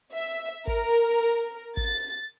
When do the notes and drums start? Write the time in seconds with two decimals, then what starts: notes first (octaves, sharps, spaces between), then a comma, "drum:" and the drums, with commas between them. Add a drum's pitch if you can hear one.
0.14 E5
0.67 A#4, drum: kick
1.77 A6, drum: kick